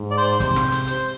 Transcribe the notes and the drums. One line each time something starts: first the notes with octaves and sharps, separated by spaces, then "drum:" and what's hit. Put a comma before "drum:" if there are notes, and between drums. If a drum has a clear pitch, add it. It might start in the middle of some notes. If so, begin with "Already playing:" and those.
Already playing: G#2
D5
C5
C3 C5, drum: kick, hi-hat
drum: snare
drum: hi-hat
C5, drum: hi-hat